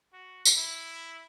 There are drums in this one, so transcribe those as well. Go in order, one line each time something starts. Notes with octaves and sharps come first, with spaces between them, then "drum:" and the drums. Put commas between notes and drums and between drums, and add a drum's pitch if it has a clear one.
F#4
drum: tambourine
E4